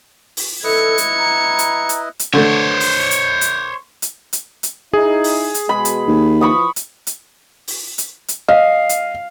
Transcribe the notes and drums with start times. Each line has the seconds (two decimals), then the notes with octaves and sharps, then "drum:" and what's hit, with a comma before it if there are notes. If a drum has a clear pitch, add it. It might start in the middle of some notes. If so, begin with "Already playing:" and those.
0.37 drum: open hi-hat
0.64 E4 A4 B4 D#5 G#6 C#7
0.98 drum: hi-hat
1.18 A#5
1.59 drum: hi-hat
1.89 drum: hi-hat
2.19 drum: hi-hat
2.33 D3 A3 C5 C#5
2.80 drum: open hi-hat
3.11 drum: hi-hat
3.41 drum: hi-hat
4.02 drum: hi-hat
4.33 drum: hi-hat
4.63 drum: hi-hat
4.94 D#4 E4 G#4
5.24 drum: open hi-hat
5.54 drum: hi-hat
5.69 B2 G#3 B5
5.85 drum: hi-hat
6.08 D#2
6.41 E3 F3 B5 C#6 D#6
6.76 drum: hi-hat
7.07 drum: hi-hat
7.68 drum: open hi-hat
7.98 drum: hi-hat
8.28 drum: hi-hat
8.48 D#5 F5
8.89 drum: hi-hat